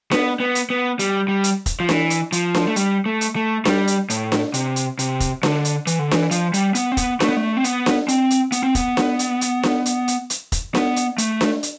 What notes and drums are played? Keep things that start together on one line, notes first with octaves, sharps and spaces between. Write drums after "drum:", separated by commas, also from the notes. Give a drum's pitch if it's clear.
B3, drum: snare D4
B3
drum: hi-hat
B3
G3, drum: hi-hat
G3
drum: hi-hat
drum: kick, hi-hat
F3
E3, drum: snare D4
drum: hi-hat
F3, drum: hi-hat
drum: snare D4
A3
G3, drum: hi-hat
A3
drum: hi-hat
A3
G3, drum: snare D4
drum: hi-hat
A2, drum: hi-hat
drum: snare D4
C3, drum: hi-hat
drum: hi-hat
C3, drum: hi-hat
drum: kick, hi-hat
D3, drum: snare D4
drum: hi-hat
E3, drum: hi-hat
D3
E3, drum: snare D4
F3, drum: hi-hat
G3, drum: hi-hat
B3, drum: hi-hat
C4
B3, drum: kick, hi-hat
A3, drum: snare D4
B3
A3
C4
B3, drum: hi-hat
drum: snare D4
C4, drum: hi-hat
drum: hi-hat
B3, drum: hi-hat
C4
B3, drum: kick, hi-hat
drum: snare D4
drum: hi-hat
drum: hi-hat
drum: snare D4
drum: hi-hat
drum: hi-hat
drum: hi-hat
drum: kick, hi-hat
B3, drum: snare D4
drum: hi-hat
A3, drum: hi-hat
drum: snare D4
drum: hi-hat